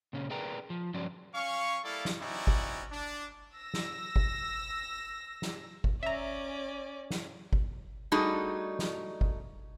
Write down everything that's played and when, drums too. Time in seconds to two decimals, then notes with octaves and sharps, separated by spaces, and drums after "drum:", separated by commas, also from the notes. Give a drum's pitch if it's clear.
0.13 A#2 C#3 C#4
0.30 G#4 A#4 B4 D5 G5 A#5
0.70 F3
0.94 G2 F3 F#3 C#4 D5
1.35 C#4 F5 C#6
1.84 G3 A#3 E4 A4 D5 F5
2.05 drum: snare
2.20 C4 C#4 D#4 E4 F#4 D5
2.47 drum: kick G1
2.92 D4
3.54 E6 A#6
3.74 drum: snare
4.16 drum: kick G1
5.42 drum: snare
5.84 drum: kick G1
6.03 C#4 D5 E5 A#5
7.10 drum: snare
7.53 drum: kick G1
8.12 G3 A3 D4 D#4 F#4 G#4
8.79 drum: snare
9.21 drum: kick G1